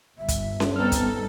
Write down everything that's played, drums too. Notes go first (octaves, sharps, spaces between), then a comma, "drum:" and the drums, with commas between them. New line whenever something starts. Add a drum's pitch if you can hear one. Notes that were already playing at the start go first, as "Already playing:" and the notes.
G1 E5
drum: kick, hi-hat
drum: snare C#4
G3 B3 C4 D#4 A4 F6
drum: kick, hi-hat